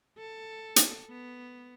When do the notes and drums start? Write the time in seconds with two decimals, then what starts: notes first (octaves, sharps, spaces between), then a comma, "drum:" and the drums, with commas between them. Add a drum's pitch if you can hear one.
0.18 A4
0.76 drum: hi-hat
1.10 B3